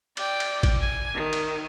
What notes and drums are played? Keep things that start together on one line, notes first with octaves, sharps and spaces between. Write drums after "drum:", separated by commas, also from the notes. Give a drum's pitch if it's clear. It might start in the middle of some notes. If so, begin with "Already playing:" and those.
D5 G5, drum: cymbal
drum: cymbal
drum: kick G#1, cymbal
G#5
D#3
drum: cymbal